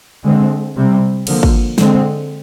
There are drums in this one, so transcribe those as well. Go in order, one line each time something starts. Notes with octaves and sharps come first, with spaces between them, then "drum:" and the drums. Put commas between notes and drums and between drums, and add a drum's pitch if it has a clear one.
D3 G#3 C4
C3 G3 C4
D3 F3 A#3, drum: cymbal
drum: kick
D3 G#3 C4, drum: snare